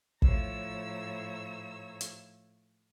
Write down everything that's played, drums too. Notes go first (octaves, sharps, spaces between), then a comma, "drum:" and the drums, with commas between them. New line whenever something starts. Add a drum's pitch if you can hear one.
A2 F3 C#5 A#5 E6, drum: kick
drum: hi-hat